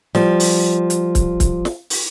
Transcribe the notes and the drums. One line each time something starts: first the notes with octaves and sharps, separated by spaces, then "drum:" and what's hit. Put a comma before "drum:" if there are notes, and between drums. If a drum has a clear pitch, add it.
F3 G3, drum: snare
drum: open hi-hat
drum: hi-hat
drum: kick C#1, hi-hat
drum: kick C#1, hi-hat
drum: snare
drum: open hi-hat